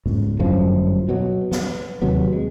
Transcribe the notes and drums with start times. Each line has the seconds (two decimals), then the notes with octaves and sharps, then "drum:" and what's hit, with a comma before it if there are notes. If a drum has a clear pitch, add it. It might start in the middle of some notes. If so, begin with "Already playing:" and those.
0.06 C#2, drum: tom G#2
0.39 G1 F#2 A2 F3
1.09 B2 F#3
1.52 B3, drum: snare
2.02 D#2 C3 F#3 B3
2.33 G#3